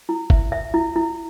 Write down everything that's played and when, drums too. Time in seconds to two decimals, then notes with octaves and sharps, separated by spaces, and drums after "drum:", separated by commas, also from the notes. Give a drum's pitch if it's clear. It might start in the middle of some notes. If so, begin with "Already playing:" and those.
0.09 E4
0.30 E5, drum: kick
0.52 E5
0.74 E4
0.96 E4